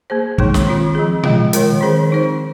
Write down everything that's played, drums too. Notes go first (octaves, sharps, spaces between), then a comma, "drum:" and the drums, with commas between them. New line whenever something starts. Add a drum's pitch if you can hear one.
A#3 G#4 C5
D#3 G#3 D#4, drum: kick
drum: snare
D#3 C4 F4
F3 C4 G#4
F3 G#3 F4, drum: tom A#2
D#3 G#3 F4 A#4, drum: hi-hat
D#3 C4 G#4 C5
C4 D#4 C5